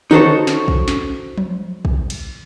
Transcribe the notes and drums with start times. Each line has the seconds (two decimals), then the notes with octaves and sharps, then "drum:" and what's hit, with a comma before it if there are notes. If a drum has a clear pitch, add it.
0.11 D#4 F#4 A4 C5 C#5, drum: tom D3
0.47 drum: snare
0.68 drum: kick
0.88 drum: snare
1.38 drum: tom F3
1.85 drum: kick
2.10 drum: cymbal